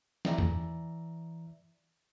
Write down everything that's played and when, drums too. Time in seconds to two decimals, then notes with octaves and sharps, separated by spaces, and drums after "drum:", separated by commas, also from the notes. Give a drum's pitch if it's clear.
0.25 E3 D5 E5 A#5, drum: snare
0.38 drum: tom E2